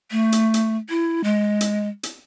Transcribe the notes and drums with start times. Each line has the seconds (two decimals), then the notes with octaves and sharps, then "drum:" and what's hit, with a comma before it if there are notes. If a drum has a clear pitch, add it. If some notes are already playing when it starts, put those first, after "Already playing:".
0.11 A3
0.32 drum: hi-hat
0.54 drum: hi-hat
0.89 E4
1.24 G#3
1.61 drum: hi-hat
2.03 drum: hi-hat